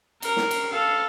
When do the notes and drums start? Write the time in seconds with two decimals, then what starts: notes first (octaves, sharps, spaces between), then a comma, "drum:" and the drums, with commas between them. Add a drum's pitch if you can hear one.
0.22 A#4, drum: cymbal
0.37 drum: snare
0.51 drum: cymbal
0.71 A4 F5